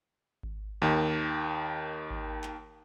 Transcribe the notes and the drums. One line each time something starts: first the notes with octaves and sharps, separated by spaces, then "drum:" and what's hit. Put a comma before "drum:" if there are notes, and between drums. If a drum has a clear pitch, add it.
drum: kick G#1
D#2 D#3
drum: kick G#1
drum: clap